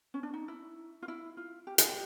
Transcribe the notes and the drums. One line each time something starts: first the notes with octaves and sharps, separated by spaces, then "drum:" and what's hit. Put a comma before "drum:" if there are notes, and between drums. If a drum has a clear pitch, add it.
C#4
D4
D#4
E4
F4
E4
F4
G4
G#4, drum: hi-hat
G4